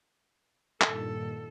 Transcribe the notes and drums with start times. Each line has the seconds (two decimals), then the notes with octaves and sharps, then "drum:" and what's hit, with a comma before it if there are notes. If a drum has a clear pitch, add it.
0.81 G2 A#2 D#3 A4, drum: clap